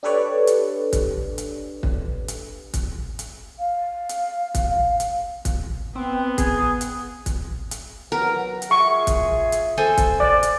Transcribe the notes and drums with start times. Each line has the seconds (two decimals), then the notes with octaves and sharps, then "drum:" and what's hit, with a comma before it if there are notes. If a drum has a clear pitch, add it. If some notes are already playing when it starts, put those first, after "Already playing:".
0.03 D4 G4 A4 B4 C#5 D5
0.47 drum: hi-hat
0.93 drum: kick, hi-hat
1.38 drum: hi-hat
1.83 drum: kick
2.28 drum: hi-hat
2.74 drum: kick, hi-hat
3.19 drum: hi-hat
3.59 F5
4.09 drum: hi-hat
4.55 drum: kick, hi-hat
4.67 F5
5.00 drum: hi-hat
5.45 drum: kick, hi-hat
5.95 B3 C4
6.38 G#4, drum: kick, hi-hat
6.81 drum: hi-hat
7.26 drum: kick, hi-hat
7.71 drum: hi-hat
8.12 F#3 A#4 B4 F#5
8.62 drum: hi-hat
8.71 F4 G#4 E5 C#6
9.07 drum: kick, hi-hat
9.52 drum: hi-hat
9.78 A4 C5 G#5
9.97 drum: kick, hi-hat
10.20 D5
10.43 drum: hi-hat